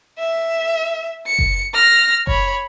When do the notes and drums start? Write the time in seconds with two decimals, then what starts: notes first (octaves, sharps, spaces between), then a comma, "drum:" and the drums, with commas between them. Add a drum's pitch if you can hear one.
0.18 E5
1.27 C#7
1.39 drum: kick F#1
1.74 F6 A#6
2.27 C#5 B5, drum: kick F#1